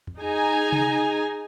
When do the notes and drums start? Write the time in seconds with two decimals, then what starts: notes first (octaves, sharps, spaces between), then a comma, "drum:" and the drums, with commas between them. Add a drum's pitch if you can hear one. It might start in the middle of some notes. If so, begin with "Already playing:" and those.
0.07 drum: tom E2
0.18 D#4 G#4 G#5 A#5
0.72 drum: tom C3